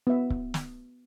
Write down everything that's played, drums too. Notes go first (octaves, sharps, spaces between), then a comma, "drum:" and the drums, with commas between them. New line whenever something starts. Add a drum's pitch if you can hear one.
B3 E5
drum: kick C#1
drum: snare